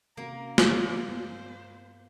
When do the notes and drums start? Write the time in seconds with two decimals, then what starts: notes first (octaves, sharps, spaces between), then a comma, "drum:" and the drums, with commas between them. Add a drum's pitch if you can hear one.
0.17 C3 A#3 C#4 F#4 A#4
0.58 D5, drum: snare
1.08 G2 B3 C5